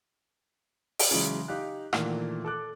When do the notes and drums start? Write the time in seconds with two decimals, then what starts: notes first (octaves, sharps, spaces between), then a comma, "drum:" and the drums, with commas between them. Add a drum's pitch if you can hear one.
0.99 drum: open hi-hat
1.11 C#3 E3 F#3 G#3
1.48 D#4 G4 F5 F#6
1.93 A#2 D#3 E3 A3 A#3, drum: rim click
2.45 A4 D6 F#6